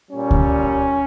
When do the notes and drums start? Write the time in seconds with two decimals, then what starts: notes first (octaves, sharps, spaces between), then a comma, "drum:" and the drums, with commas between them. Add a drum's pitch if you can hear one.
0.11 A#2 G3 C#4
0.31 drum: kick C#2